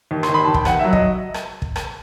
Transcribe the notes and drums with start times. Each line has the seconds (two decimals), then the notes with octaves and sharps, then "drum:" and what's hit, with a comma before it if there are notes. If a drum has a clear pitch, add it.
0.11 D#2
0.23 C6, drum: rim click
0.29 D#2
0.34 B5
0.44 D#2 A5
0.54 G5, drum: kick
0.65 D#2 F#5, drum: rim click
0.79 F#3 E5
0.93 D#5, drum: kick
1.34 drum: rim click
1.62 drum: kick
1.76 drum: rim click